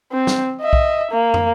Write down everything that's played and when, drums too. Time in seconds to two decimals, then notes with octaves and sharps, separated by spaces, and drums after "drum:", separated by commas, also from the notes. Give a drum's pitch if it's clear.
0.12 C4
0.27 drum: snare
0.62 D#5 E5
0.73 drum: kick B1
1.11 A#3
1.34 drum: tom